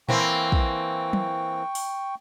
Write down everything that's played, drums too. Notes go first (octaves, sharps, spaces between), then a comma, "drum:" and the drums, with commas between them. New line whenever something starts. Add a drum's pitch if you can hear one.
E3 A#3 C4 G5 C#6, drum: tom A#2
drum: kick
drum: tom
drum: open hi-hat